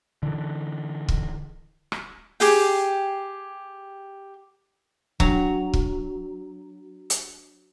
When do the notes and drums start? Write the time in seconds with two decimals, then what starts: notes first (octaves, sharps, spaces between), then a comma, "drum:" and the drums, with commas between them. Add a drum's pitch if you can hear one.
0.23 D3 E3
1.08 drum: kick
1.92 drum: rim click
2.40 G4 G#4 G5, drum: open hi-hat
5.20 F#3 D4 F7, drum: kick
5.73 drum: kick
7.10 drum: hi-hat